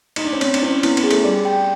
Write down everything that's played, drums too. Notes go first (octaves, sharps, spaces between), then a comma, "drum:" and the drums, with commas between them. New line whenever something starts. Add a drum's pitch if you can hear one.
D#4, drum: cymbal
D4
C#4
C4 C#5, drum: cymbal
D4, drum: cymbal
C#4 E4
B3 E4, drum: cymbal
B3, drum: cymbal
G#4
A3, drum: cymbal
G3 D5
G5